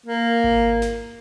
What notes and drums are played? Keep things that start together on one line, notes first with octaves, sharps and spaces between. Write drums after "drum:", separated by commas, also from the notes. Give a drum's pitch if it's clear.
A#3
drum: kick G#1
drum: snare